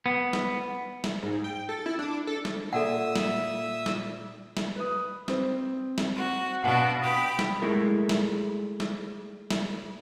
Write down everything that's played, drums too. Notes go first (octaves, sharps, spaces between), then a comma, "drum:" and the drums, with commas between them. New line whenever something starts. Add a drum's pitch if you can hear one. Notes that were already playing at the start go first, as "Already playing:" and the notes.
B3
drum: snare
drum: snare
G#2
G5
A4
E4
D4
A4
drum: snare
A#2 A4 E5 F#5 D#6 E6
drum: snare
drum: snare
drum: snare
B4 D#6
C4, drum: snare
drum: snare
F#4
B2 D4 F#4 F5 F#5
G4 B5 D#6
drum: snare
G#3 A3 E4 A#4
drum: snare
drum: snare
drum: snare